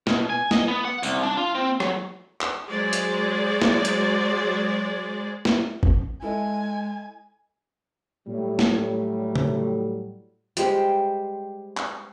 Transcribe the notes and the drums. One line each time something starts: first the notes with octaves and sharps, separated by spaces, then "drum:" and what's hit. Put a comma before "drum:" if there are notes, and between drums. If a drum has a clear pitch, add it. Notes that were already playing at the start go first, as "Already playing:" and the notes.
B2, drum: snare
G#5
D#5, drum: snare
B3
F#5
C2, drum: tambourine
D4
F4
C4
F#3, drum: rim click
drum: clap
F#3 G#3 G#4 C5 D5
drum: hi-hat
drum: snare
drum: hi-hat
drum: snare
drum: kick
G#3 E4 A4 D#5 G#5
A2 F#3 G3
drum: snare
drum: tom C#3
G3 G#3 G4 C5, drum: hi-hat
drum: clap